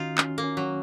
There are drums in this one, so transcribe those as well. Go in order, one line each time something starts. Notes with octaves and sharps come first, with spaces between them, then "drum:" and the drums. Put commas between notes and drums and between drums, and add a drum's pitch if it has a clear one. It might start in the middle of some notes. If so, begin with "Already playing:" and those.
Already playing: D#3 C#4 D#4 F4 F#4
C#4, drum: clap
A#3
C#4
F#3